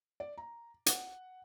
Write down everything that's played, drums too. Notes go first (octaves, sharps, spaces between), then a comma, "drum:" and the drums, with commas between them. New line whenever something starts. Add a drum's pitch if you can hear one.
D5
A#5
F#5, drum: hi-hat